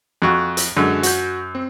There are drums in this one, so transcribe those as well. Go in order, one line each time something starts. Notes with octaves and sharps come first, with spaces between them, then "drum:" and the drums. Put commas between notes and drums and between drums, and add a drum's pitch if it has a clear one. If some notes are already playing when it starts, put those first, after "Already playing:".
F2 F#4
drum: hi-hat
F#2 D3 G#3 F#4
F#4 G6, drum: hi-hat
C4